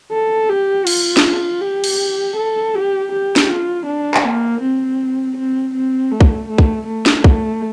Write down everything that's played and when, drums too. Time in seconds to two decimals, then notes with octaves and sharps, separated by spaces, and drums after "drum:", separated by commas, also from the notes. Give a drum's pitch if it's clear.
0.12 A4
0.49 G4
0.87 F4, drum: cymbal
1.17 drum: snare
1.61 G4
1.84 drum: cymbal
2.37 A4
2.75 G4
3.12 G4
3.36 drum: snare
3.49 F4
3.87 D4
4.14 drum: clap
4.24 A#3
4.61 C4
5.37 C4
5.75 C4
6.11 A3
6.21 drum: kick
6.49 A3
6.58 drum: kick
6.87 A3
7.06 drum: snare
7.24 A3, drum: kick